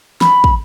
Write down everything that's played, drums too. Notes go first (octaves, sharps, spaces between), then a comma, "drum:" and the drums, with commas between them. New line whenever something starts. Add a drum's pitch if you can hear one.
B5, drum: snare
drum: kick